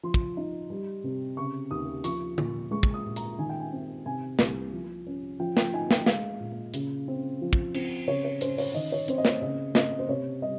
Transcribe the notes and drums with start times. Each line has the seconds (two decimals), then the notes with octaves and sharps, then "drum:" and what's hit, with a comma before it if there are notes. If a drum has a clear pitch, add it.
0.03 F3 C6
0.14 drum: kick
0.37 D#4
0.70 G3
1.04 C3
1.37 C#3 C#6
1.71 D#2 D#6
2.04 F3 C#6, drum: hi-hat
2.38 A#2, drum: tom D3
2.71 G#3 C#6
2.83 drum: kick
2.94 D#6
3.06 A#2
3.16 A#5, drum: hi-hat
3.39 D#3 G#5
3.49 G5
3.60 G#5
3.72 C4
4.06 C3 G#5
4.39 C2, drum: snare
4.73 F3
5.07 C#4
5.40 F3 G5
5.57 G5, drum: snare
5.74 D#4 G#5
5.91 G5, drum: snare
6.06 G#3 F5, drum: snare
6.40 A#2
6.74 C#3, drum: hi-hat
7.08 C4
7.41 F3
7.53 drum: kick
7.74 C4, drum: cymbal
8.07 C#3 C#5
8.25 C#5
8.41 C#4 C5, drum: hi-hat
8.58 C#5, drum: open hi-hat
8.74 D#3 D#5
8.92 C#5
9.08 C4 C5, drum: hi-hat
9.18 D#5
9.25 C#5, drum: snare
9.42 C#3 D#5
9.75 C4 D#5, drum: snare
9.99 C5
10.09 C3 C#5
10.42 G3 D#5